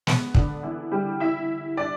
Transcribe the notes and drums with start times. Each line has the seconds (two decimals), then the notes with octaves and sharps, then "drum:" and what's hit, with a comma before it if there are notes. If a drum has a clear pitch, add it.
0.07 B3, drum: snare
0.35 D3 D4, drum: kick
0.63 E3 E4
0.92 G3 G4
1.20 E4 E5
1.77 D4 D5